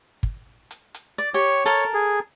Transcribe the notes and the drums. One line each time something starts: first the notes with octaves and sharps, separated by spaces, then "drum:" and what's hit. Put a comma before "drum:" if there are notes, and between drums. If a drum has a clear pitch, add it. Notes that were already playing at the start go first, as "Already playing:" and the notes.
drum: kick
drum: hi-hat
drum: hi-hat
D5
G4 C#5
A4 A#4 C#5 A5, drum: hi-hat
G#4